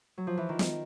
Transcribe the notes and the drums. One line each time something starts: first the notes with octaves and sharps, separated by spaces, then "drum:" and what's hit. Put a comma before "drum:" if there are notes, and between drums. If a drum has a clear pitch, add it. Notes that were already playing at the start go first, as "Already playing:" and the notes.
F#3
F3
E3
D#3
drum: snare